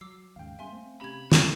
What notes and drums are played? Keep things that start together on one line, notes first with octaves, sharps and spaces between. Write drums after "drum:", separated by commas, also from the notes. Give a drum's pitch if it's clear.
F#3 D6 E6 C7
D#2 G#2 C#3 F5 G5
G3 A#3 C#4 E5 G#5 C6
A3 C4
C3 C#4 G4 B5 G#6
F#4, drum: snare